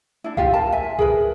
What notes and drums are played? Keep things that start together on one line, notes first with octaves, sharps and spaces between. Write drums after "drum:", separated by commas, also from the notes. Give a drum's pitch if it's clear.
D4 E4
F4 G4 F5, drum: kick B1
A#4 A5
E5 G#5
G#4 A#4 B4, drum: kick B1